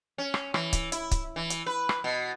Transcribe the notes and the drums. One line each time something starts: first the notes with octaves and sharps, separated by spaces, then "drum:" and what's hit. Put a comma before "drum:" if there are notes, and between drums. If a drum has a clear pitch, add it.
C#4
drum: rim click
E3, drum: rim click
drum: kick C#1, hi-hat
E4, drum: hi-hat
drum: kick C#1, hi-hat
E3
drum: hi-hat
B4
drum: rim click
B2